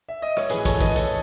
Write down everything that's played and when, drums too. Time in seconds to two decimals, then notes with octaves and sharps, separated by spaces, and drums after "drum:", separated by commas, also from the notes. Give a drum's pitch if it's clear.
0.09 E5
0.22 D#5
0.37 C#5, drum: rim click
0.49 A2 E3 G#4 B4, drum: hi-hat
0.65 A4 C#5, drum: kick, hi-hat
0.81 B4 D#5, drum: kick, hi-hat
0.96 A4 C#5, drum: hi-hat